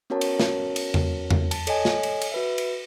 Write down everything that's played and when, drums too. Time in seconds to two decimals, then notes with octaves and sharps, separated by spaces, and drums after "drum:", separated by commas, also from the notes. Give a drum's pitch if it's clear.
0.10 B3 C#4 F#4 A#4 C#5 A5
0.21 drum: cymbal
0.40 drum: snare
0.76 drum: cymbal
0.94 drum: tom E2
1.30 drum: tom E2
1.51 A5, drum: cymbal
1.67 A4 C#5 D#5 G#5, drum: cymbal
1.85 drum: snare
2.03 drum: cymbal
2.21 drum: cymbal
2.32 F#4 B4 E5
2.58 drum: cymbal